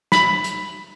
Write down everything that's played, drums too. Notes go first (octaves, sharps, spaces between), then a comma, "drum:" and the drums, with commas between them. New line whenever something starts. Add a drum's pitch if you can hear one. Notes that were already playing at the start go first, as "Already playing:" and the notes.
B5, drum: snare
drum: hi-hat